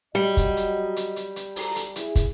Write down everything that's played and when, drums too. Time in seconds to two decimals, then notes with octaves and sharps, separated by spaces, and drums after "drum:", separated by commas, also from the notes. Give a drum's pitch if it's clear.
0.15 F#3 G3 D#5
0.37 drum: kick, hi-hat
0.57 drum: hi-hat
0.96 drum: hi-hat
1.16 drum: hi-hat
1.36 drum: hi-hat
1.56 A4 A#5, drum: open hi-hat
1.76 drum: hi-hat
1.96 E4 G#4, drum: hi-hat
2.16 drum: kick, hi-hat